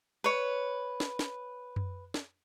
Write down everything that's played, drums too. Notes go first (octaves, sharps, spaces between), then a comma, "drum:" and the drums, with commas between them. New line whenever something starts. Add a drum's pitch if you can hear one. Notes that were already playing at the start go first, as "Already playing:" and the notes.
B4 C#5
drum: snare
drum: snare
drum: tom F#2
drum: snare